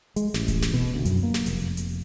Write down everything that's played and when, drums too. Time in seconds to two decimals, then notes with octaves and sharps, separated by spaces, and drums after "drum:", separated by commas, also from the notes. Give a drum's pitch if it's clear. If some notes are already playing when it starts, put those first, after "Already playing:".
0.16 G#3, drum: hi-hat
0.34 A1, drum: snare
0.48 drum: kick D1, hi-hat
0.62 drum: snare
0.74 B2
0.94 D2
1.05 F#2, drum: hi-hat
1.23 A#3
1.34 drum: snare
1.46 F1, drum: hi-hat
1.77 drum: hi-hat